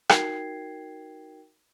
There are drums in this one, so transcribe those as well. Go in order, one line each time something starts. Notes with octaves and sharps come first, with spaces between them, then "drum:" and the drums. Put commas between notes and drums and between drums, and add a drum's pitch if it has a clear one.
D#4 F#4 A#4 G5 G#6 C7, drum: rim click